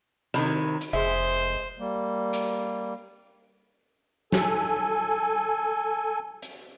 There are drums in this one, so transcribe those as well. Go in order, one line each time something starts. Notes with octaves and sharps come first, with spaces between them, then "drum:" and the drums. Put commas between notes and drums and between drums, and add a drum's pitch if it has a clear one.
C3 D#3 E4, drum: rim click
drum: hi-hat
F1 G#3 C5 E5
G3 A#3
drum: hi-hat
A4 G#5, drum: snare
drum: hi-hat